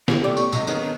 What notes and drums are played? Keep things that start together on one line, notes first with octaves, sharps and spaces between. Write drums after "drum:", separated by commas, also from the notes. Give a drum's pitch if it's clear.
E4 F4 G4 G#4, drum: snare
C3 A3 B3 G4 D5 D6
C#4 C#6, drum: tambourine
B1 G#2 C3 F#3 D#5, drum: tambourine
D#3 B3 C#4 D#4 G#4, drum: tambourine
D4